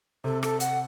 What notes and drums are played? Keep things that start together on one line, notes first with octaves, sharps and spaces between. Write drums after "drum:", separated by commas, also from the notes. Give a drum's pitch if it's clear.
C3 A4
A4, drum: rim click
F#5, drum: hi-hat